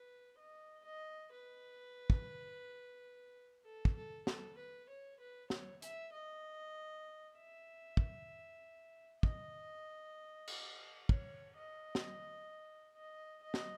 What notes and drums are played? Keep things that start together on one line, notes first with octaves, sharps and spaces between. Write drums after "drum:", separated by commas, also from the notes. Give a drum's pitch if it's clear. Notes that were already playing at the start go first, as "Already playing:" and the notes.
Already playing: B4
D#5
D#5
B4
drum: kick
A4
drum: kick
A4
A4, drum: snare
B4
C#5
B4
C#5, drum: snare
E5, drum: hi-hat
D#5
E5
drum: kick
D#5, drum: kick
drum: cymbal
C#5, drum: kick
D#5
drum: snare
D#5
D#5
drum: snare